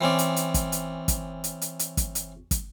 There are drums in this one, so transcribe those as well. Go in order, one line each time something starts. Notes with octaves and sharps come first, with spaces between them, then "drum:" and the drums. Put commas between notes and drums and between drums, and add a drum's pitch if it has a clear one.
E3 C4 C#4 D5
drum: hi-hat
drum: hi-hat
drum: kick, hi-hat
drum: hi-hat
drum: kick, hi-hat
drum: hi-hat
drum: hi-hat
drum: hi-hat
drum: kick, hi-hat
drum: hi-hat
drum: kick, hi-hat